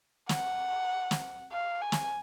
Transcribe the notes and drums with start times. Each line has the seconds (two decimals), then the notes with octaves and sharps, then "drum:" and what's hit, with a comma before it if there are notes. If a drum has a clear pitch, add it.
0.29 F#5, drum: snare
1.11 drum: snare
1.51 F5
1.82 G#5
1.92 drum: snare